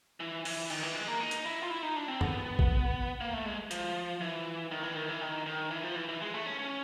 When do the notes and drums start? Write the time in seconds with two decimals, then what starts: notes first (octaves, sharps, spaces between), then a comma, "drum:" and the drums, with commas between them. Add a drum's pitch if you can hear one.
0.20 E3
0.45 E3, drum: open hi-hat
0.70 D#3, drum: cymbal
0.83 E3
0.95 G#3
1.08 A#3
1.20 D#4
1.31 drum: hi-hat
1.45 E4
1.63 F4
1.70 E4
1.83 D#4
1.96 D4
2.08 C4
2.21 B3, drum: tom
2.59 drum: kick
3.21 A#3
3.33 A3
3.46 G#3
3.71 F3, drum: hi-hat
4.21 E3
4.71 D#3
4.83 E3
4.95 D#3
5.09 E3
5.21 D#3
5.46 D#3
5.71 E3
5.83 F3
5.95 E3
6.08 E3
6.21 G#3
6.34 A3
6.46 C#4
6.59 C#4